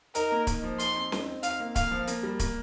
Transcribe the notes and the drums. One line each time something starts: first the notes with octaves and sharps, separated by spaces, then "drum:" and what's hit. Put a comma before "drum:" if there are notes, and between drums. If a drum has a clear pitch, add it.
D#4 A#4, drum: hi-hat
A#3
D#4, drum: kick, hi-hat
F3
D#4 C6, drum: hi-hat
C4
D#4, drum: snare C#4
C4
D#4 F5, drum: hi-hat
A#3
A#3 F5, drum: kick, hi-hat
F3
A#3, drum: hi-hat
G3
A#3, drum: kick, hi-hat